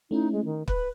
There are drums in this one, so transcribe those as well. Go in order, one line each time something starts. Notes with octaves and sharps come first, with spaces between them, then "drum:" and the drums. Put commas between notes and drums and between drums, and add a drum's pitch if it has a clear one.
A3 C#4 D#4 E4
G#3
D#3
B4 B5 F#6, drum: kick